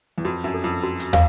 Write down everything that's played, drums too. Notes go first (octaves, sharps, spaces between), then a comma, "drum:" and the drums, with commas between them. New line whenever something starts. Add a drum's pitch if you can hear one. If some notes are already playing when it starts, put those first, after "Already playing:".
E2
F2 F#4
F#2
A4
F2
F#4
drum: hi-hat
F5, drum: tom